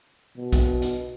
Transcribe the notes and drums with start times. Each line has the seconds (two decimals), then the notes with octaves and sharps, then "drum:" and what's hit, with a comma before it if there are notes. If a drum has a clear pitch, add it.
0.37 B2
0.52 drum: kick, hi-hat
0.82 drum: hi-hat